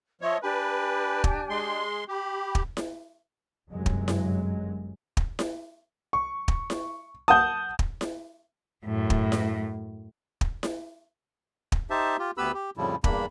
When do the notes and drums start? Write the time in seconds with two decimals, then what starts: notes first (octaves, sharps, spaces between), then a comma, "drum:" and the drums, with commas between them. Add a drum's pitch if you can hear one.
0.21 F3 C#5 D#5 E5 C6
0.43 D4 G4 B4 G#5
1.24 drum: kick
1.50 G#3 C6
2.08 G4 B5
2.55 drum: kick
2.77 drum: snare E4
3.71 G1 F#2 C3 F#3 G#3
3.86 drum: kick
4.08 drum: snare E4
5.17 drum: kick
5.39 drum: snare E4
6.13 C#6
6.48 drum: kick
6.70 drum: snare E4
7.28 F#5 A5 D#6 G6
7.79 drum: kick
8.01 drum: snare E4
8.85 F#2 A2
9.10 drum: kick
9.32 drum: snare E4
10.41 drum: kick
10.63 drum: snare E4
11.72 drum: kick
11.90 D#4 G4 C5 E5 A5
12.19 F4 G4
12.38 D2 B3 G4 B4 B5 E6
12.54 G4
12.77 F2 A2 C#3 F3 G3 E4
13.04 E2 G2 A#3 D4 B5, drum: kick